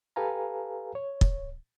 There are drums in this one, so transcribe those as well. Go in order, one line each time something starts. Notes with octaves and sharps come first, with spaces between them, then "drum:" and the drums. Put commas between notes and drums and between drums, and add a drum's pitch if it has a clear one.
G4 A4 B4 F5 G#5 A#5
C#5
drum: kick